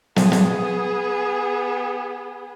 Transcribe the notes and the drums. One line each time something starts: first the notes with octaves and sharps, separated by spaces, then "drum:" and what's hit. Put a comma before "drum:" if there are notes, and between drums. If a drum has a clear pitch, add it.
B3 G#4, drum: snare
drum: snare